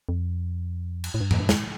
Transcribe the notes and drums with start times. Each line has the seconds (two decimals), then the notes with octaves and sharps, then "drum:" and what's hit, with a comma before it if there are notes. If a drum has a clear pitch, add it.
0.09 F2
1.04 drum: cymbal
1.14 A2
1.21 G2
1.31 F2, drum: tom G#2
1.40 G2
1.49 F2, drum: snare